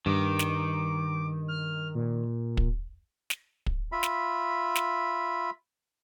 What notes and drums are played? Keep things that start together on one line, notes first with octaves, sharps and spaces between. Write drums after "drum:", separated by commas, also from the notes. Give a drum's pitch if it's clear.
G2 D#3 D6
drum: snare
F6
A#2
drum: kick
drum: snare
drum: kick
F4 E5 B5
drum: snare
drum: snare